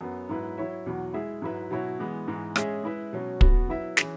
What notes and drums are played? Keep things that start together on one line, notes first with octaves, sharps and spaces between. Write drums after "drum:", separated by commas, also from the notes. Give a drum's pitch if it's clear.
F#2 F#3 B3
G#2 F#3 E4 B4
F#3 E4 C#5 E5
E2 B2 F#3
G#3 E4 G#4 E5
G#2 F#3 E4 B4 E5
B2 F#3 E4 C#5
E3 G#3 B3
G#2 E3 G#3
G#3 C#4 G#4 E5, drum: rim click
G#3 E4 B4 E5
B2 F#3 C#4
B2 B3 F#4, drum: kick
F#3 E4 B4 E5
E3 C#4 G#4, drum: snare